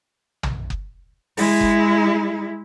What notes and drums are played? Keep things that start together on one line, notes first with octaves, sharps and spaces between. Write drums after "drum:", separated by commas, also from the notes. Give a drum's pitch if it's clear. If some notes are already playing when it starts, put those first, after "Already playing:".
drum: tom
drum: kick F#1
G#3 E4, drum: open hi-hat
drum: kick F#1